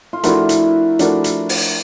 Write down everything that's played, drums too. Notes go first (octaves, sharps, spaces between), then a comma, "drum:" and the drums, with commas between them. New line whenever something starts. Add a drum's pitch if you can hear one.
F4
F3 A3 D4 E4 F#4 A#4, drum: hi-hat
drum: hi-hat
F3 A3 D4 F#4 A#4, drum: hi-hat
drum: hi-hat
drum: open hi-hat